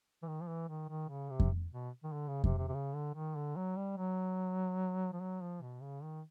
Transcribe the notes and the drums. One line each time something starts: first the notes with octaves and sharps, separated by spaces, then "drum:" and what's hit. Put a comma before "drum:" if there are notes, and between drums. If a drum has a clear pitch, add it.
E3
D#3
F3
E3
D#3
D#3
C#3
C3
drum: kick F2
B2
D#3
D3
C#3
C3, drum: kick F2
C3
C3
C#3
D3
D#3
D3
F#3
G3
F#3
F3
F#3
F3
B2
C#3
D#3